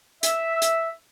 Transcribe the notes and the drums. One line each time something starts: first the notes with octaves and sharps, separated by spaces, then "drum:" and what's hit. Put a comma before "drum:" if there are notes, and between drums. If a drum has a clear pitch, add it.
E5, drum: hi-hat
drum: hi-hat